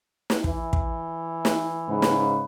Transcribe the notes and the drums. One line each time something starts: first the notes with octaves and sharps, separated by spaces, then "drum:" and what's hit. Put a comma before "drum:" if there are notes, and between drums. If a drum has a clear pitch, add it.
drum: snare
E3, drum: kick
drum: kick
drum: snare
G#2 C#3 B4
drum: snare